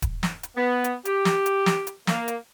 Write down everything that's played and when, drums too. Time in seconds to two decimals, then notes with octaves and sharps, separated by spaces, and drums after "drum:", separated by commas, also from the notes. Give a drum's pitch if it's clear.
0.02 drum: kick D#1, hi-hat
0.23 drum: snare
0.43 drum: hi-hat
0.56 B3
0.84 drum: hi-hat
1.05 G4, drum: hi-hat
1.25 drum: snare
1.46 drum: hi-hat
1.66 drum: snare
1.87 drum: hi-hat
2.07 A#3, drum: snare
2.28 drum: hi-hat